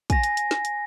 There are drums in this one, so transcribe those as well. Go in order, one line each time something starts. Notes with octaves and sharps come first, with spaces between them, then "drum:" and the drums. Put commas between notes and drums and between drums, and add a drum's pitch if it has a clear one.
G#5 A#6, drum: kick, hi-hat
drum: hi-hat
drum: hi-hat
drum: snare
drum: hi-hat